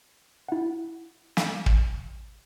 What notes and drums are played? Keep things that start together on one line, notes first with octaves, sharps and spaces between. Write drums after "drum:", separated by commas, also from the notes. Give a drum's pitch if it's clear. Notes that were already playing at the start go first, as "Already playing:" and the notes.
E4 F#5
drum: snare
drum: kick